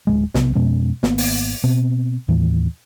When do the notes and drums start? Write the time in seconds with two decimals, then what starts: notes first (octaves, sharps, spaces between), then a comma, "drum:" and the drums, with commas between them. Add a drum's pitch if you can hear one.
0.07 D1 E2 G#3
0.34 B1 C3 F#3 B3, drum: snare
0.55 F2 B2 G#3 C#4
1.03 G#1 A#3 B3, drum: snare
1.18 drum: open hi-hat
1.64 B2 C4
2.28 D#2 A2 E3